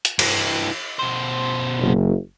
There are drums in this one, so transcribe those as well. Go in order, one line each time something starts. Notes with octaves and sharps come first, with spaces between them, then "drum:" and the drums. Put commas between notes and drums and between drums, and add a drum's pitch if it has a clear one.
drum: hi-hat
G2 E3, drum: cymbal
B2 C5
F#1